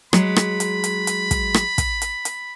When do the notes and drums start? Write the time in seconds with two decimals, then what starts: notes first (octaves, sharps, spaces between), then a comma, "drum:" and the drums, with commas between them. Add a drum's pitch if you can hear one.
0.13 F#3 G#3 B5, drum: rim click
0.36 drum: rim click
0.60 drum: hi-hat
0.84 drum: hi-hat
1.07 drum: hi-hat
1.31 drum: kick, hi-hat
1.54 drum: rim click
1.78 drum: kick, hi-hat
2.02 drum: hi-hat
2.25 drum: hi-hat